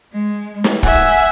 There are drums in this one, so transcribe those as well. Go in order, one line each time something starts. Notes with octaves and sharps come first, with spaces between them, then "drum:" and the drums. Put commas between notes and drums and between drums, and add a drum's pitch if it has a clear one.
G#3
drum: snare
E5 F#5 G#5, drum: kick